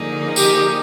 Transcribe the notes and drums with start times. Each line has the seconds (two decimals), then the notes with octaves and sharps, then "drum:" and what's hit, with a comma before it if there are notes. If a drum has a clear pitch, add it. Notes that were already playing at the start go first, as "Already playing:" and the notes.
Already playing: D3 F3 A#3 D#4 G#4
0.36 G4, drum: tambourine